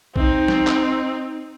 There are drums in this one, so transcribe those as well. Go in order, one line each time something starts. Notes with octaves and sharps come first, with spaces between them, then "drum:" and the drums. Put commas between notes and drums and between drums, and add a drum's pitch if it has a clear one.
C4 D#4, drum: kick A#1
drum: snare
drum: clap